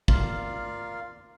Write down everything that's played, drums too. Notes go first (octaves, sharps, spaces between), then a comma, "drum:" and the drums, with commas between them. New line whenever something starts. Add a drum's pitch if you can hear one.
F4 A#4 D5 F5, drum: kick